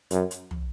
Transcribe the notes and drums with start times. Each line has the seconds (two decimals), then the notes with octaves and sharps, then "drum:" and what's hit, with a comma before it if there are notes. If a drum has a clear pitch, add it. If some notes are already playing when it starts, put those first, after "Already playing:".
0.11 F#2, drum: hi-hat
0.31 drum: hi-hat
0.51 drum: tom